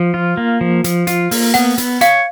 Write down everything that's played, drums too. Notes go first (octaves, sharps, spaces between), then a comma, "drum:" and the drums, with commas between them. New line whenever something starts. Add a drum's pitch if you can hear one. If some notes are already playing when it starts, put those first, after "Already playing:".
Already playing: F3
F4
A#3
F3
F3, drum: hi-hat
F4, drum: hi-hat
A#3, drum: open hi-hat
B3 F#5, drum: hi-hat
B3, drum: hi-hat
C#5 F5, drum: hi-hat